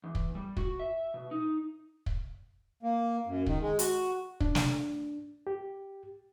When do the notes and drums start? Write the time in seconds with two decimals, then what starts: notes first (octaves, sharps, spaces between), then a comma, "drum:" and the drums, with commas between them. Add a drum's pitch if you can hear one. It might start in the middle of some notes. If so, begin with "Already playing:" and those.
0.04 E2
0.15 drum: kick
0.35 G3
0.57 F#4, drum: kick
0.80 E5
1.14 B2
1.31 D#4
2.06 drum: kick
2.83 A#3
3.26 F#2
3.46 D#3, drum: kick
3.61 G#3
3.79 F#4, drum: hi-hat
4.40 D4, drum: kick
4.55 drum: snare
5.47 G4